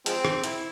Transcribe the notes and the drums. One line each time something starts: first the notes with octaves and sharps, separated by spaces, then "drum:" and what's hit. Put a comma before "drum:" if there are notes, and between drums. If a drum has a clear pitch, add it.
F3 G#3 C4, drum: hi-hat
drum: rim click
E4, drum: hi-hat